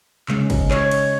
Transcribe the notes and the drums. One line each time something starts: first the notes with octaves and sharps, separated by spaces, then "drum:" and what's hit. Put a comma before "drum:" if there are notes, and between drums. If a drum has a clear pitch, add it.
C#3 G#3 C#4, drum: clap
drum: kick, cymbal
C#5, drum: clap
drum: cymbal